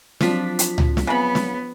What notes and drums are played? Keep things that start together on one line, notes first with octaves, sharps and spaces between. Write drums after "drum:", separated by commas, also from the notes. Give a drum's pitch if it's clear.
F3 F#3 C4 D4 B6, drum: snare
drum: hi-hat
drum: tom C#2
drum: snare
C#3 B3 B5
drum: snare